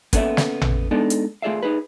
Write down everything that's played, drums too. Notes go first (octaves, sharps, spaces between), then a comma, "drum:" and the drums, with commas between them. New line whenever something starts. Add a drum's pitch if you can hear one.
A#3 B3 C#4 A4 D5 E5, drum: kick, hi-hat
drum: snare
drum: tom A1
G#3 B3 D4 D#4 A4 D5
drum: hi-hat
A3 F4 G#4 D5 E5 F5
D#4 G#4 B4